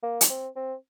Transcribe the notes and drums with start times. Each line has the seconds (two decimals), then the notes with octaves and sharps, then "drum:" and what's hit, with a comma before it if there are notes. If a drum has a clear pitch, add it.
0.03 A#3
0.21 drum: hi-hat
0.30 C4
0.56 C4